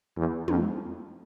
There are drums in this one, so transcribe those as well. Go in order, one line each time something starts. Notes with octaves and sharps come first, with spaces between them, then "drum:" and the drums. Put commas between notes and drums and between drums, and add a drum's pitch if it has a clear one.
E2
F2, drum: tom